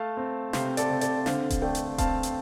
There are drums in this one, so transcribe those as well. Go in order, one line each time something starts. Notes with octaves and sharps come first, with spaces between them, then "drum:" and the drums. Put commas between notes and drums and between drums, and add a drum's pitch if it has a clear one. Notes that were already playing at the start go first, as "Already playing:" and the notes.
Already playing: A3 F5 A5
C4
C3 C5 F5, drum: snare
A4 D5, drum: hi-hat
C3
A4 D5, drum: hi-hat
D3 C5 F5, drum: snare
drum: kick D#1, hi-hat
A3 D5 G5
drum: hi-hat
C4 F5 A5, drum: kick D#1, hi-hat
drum: hi-hat